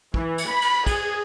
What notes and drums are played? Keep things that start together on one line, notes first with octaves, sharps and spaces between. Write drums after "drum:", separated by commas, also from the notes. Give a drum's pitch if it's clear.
E3, drum: kick
drum: cymbal
B5
drum: cymbal
G#4, drum: kick, cymbal